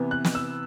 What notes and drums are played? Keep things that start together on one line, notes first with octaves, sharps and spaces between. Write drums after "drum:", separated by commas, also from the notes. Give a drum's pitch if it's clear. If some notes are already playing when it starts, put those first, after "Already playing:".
Already playing: C3 E3 B3
F#6
drum: snare
E6